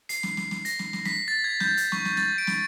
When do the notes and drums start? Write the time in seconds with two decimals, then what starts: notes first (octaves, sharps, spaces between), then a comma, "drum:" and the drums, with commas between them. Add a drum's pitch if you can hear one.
0.09 C7, drum: hi-hat
0.23 drum: snare
0.37 drum: snare
0.51 drum: snare
0.65 A#6, drum: hi-hat
0.79 drum: snare
0.93 drum: snare
1.05 B6, drum: snare
1.28 A6
1.44 G#6
1.60 G6, drum: snare
1.77 drum: hi-hat
1.92 C#6, drum: snare
2.05 drum: snare
2.17 A6, drum: snare
2.38 D7
2.47 drum: snare